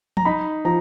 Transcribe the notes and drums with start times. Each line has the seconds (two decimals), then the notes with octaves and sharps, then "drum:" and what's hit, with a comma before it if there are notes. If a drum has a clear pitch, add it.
0.17 A#5, drum: tom F3
0.25 D#4 B5
0.65 F3 A#5